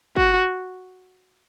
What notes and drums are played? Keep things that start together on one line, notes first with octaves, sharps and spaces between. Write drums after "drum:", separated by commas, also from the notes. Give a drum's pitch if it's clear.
F#4, drum: kick